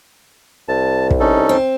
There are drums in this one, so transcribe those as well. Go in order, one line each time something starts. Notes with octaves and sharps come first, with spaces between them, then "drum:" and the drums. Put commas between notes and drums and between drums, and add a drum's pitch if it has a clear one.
C2 A5
drum: kick
C#4 D#4 A4
C4